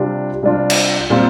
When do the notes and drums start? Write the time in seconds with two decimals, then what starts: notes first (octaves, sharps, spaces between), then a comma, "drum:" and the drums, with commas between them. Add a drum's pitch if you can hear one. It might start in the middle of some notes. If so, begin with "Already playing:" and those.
Already playing: C3 G3 D4 F4
0.43 C3 G3 D4 F4
0.70 drum: cymbal
1.10 A#2 G3 C4 F4